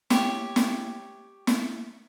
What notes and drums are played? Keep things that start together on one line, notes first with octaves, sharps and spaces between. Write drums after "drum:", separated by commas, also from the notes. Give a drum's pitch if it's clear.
G4 C#5, drum: snare
drum: snare
drum: snare